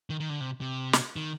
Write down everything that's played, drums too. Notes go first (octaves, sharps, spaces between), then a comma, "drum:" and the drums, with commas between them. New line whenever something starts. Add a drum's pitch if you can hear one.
D#3
D#3
D3
C3
C3
drum: snare
D#3